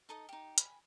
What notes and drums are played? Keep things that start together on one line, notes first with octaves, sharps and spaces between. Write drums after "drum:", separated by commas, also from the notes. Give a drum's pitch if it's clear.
D#4 A4 D#5 D#6
D#4 G4
G#5 B5, drum: hi-hat